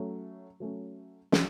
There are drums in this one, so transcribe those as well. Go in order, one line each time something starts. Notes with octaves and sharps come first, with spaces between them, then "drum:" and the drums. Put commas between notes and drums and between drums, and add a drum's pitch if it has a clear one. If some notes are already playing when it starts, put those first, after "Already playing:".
Already playing: F#3 A3 C#4
F#3 A3 C#4
F#3, drum: snare